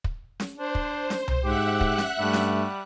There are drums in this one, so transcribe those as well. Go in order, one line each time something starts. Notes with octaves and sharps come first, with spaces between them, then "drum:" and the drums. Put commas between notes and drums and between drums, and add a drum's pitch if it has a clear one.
drum: kick
drum: snare C#4
D4 C5
drum: kick
drum: snare C#4
drum: tom C2
G#2 G4 E5 F#5 F#6
drum: kick
drum: snare C#4
G2 G3 A3
drum: snare C#4